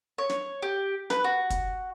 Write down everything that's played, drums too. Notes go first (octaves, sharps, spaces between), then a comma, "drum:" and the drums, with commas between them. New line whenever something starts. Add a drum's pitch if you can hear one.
C#5
drum: snare
G4
B4, drum: snare
F#4
drum: kick, hi-hat